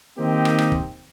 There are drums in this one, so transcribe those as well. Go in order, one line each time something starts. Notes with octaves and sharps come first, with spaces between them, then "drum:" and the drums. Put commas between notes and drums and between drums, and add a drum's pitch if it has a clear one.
D#3 A#3 C4 D#4 G4
drum: rim click
drum: rim click
drum: kick